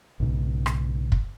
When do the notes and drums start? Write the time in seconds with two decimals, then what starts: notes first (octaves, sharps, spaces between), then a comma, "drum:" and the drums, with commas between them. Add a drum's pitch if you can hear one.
0.20 B1 G#2 C#3
0.66 drum: rim click
1.12 drum: kick